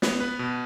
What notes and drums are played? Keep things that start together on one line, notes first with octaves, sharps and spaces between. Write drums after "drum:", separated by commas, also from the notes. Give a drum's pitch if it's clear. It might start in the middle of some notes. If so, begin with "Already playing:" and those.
B3, drum: snare
B4
B2